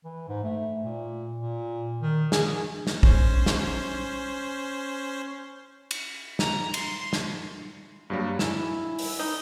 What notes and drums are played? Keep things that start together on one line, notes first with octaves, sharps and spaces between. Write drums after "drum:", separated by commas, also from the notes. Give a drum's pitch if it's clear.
E3
G#2
A3
A#2
A#2
D#3
G#4, drum: snare
drum: snare
C#4 C5, drum: kick
drum: snare
drum: cymbal
A#5, drum: snare
C6, drum: cymbal
drum: snare
G2 F#3 G3 A#3
E4 G#5 E7, drum: snare
drum: open hi-hat
D#4